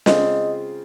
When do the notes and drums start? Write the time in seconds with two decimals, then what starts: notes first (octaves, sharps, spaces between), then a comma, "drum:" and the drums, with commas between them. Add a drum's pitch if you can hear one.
0.06 C#3 G#3 C4 F4 D#5, drum: snare